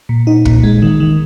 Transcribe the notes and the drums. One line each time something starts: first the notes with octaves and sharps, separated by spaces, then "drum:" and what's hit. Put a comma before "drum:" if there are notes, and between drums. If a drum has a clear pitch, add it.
A#2
D#4
A#2, drum: kick
G#3
D#3
D#3